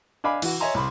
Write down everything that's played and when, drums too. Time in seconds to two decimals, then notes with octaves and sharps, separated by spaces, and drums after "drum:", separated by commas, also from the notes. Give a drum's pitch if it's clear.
0.24 D4 D#5 F5 G#5 B5 D6
0.42 E3 F#4, drum: cymbal
0.60 C#5 D#5 E5 G#5 A#5 C6
0.74 C2 B5 C6